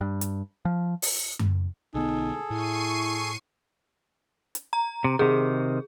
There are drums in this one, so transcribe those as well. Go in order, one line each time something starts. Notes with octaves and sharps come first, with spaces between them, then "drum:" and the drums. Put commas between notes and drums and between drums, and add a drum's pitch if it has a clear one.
G2
drum: hi-hat
F3
drum: open hi-hat
drum: tom F#2
B1 D3 B3 D#4 G#4 A4
A2 E4 C#6 C7 D#7
drum: hi-hat
A#5
C3
C3 D#3 G#4